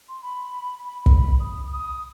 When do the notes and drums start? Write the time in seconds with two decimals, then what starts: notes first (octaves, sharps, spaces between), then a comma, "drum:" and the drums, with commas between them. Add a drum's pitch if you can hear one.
0.08 C6
0.22 B5
0.82 B5
1.06 drum: kick
1.40 D#6
1.70 D#6